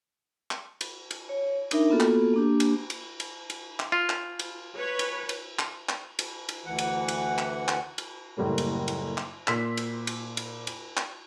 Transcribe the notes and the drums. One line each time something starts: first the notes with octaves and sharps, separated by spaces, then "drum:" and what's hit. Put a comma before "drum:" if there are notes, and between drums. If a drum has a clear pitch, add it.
drum: clap
drum: cymbal
drum: cymbal
C#5
D4 D#4 A#4 E5, drum: cymbal
A#3 B3 F4 F#4 A4
drum: clap
A#3 D4 G4
drum: cymbal
drum: cymbal
drum: cymbal
drum: cymbal
drum: clap
F4
drum: clap
drum: cymbal
B4 C#5
drum: cymbal
drum: cymbal
drum: clap
drum: clap
drum: cymbal
drum: cymbal
D2 E3 F#5
drum: cymbal
drum: cymbal
drum: clap
drum: clap
drum: cymbal
F#1 A2 G3 A#3
drum: cymbal
drum: cymbal
drum: clap
A#2 C6 E6 B6, drum: clap
drum: cymbal
drum: cymbal
drum: cymbal
drum: cymbal
drum: clap